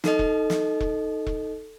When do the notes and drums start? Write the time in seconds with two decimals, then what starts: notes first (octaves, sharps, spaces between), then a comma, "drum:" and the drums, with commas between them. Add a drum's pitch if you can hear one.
0.04 D#4 A4 D#5, drum: snare
0.19 drum: kick E1
0.50 drum: snare
0.80 drum: kick E1
1.27 drum: kick E1